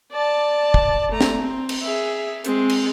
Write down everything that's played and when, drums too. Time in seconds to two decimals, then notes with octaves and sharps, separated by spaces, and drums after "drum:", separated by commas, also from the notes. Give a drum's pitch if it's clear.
0.12 D5 A5
0.74 drum: kick
1.11 A3 A#5
1.21 drum: snare
1.42 C4
1.69 drum: cymbal
1.81 G#4 E5
2.45 G#3 C4, drum: hi-hat
2.69 drum: cymbal